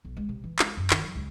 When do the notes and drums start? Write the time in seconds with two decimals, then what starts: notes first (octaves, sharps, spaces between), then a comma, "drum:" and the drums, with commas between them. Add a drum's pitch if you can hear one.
0.05 B1
0.17 G#3
0.29 C3
0.44 E3
0.59 G#3, drum: clap
0.77 F#2
0.90 D#3, drum: clap
1.04 F#3
1.15 C#2